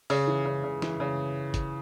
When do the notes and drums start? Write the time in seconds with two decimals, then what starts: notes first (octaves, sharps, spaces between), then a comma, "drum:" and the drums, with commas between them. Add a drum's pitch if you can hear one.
0.10 C#3, drum: open hi-hat
0.28 E3
0.46 C#3
0.64 C#3
0.82 E3, drum: snare
1.00 C#3
1.54 drum: kick, hi-hat